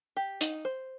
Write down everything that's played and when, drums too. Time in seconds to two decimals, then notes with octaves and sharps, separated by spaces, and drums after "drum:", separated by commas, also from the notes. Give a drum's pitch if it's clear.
0.17 G4
0.41 D#4, drum: hi-hat
0.65 C5